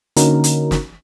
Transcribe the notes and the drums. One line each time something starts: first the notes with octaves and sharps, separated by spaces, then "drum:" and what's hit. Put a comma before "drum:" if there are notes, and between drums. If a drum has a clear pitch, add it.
D3 A#3 C#4 D#4 F#4 A#4, drum: hi-hat
drum: hi-hat
drum: snare